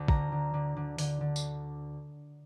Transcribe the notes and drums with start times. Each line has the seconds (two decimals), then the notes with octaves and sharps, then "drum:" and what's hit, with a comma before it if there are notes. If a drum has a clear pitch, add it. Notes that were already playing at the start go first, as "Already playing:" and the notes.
Already playing: D2
0.08 D3 A#5, drum: kick
0.32 D3
0.54 D3
0.77 D3
0.98 D3, drum: open hi-hat
1.21 D3
1.36 drum: tambourine